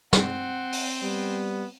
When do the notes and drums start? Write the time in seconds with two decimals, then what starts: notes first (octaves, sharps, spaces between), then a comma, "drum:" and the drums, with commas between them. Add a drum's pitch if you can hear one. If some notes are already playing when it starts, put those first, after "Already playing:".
0.13 C4 F#5, drum: snare
0.72 drum: open hi-hat
1.03 G3 B3